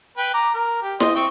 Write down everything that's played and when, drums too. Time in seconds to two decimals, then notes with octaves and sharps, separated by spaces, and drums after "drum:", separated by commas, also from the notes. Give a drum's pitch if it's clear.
0.18 B4 G5
0.34 A#5 D6
0.54 A#4
0.83 G4
1.00 D#5 C6, drum: snare E4
1.15 C4 G5 C#6